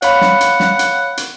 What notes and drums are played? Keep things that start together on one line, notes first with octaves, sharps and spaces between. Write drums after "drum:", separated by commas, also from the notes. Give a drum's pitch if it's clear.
C#5 F5 F#5 B5, drum: hi-hat
drum: snare
drum: hi-hat
drum: snare
drum: hi-hat
drum: hi-hat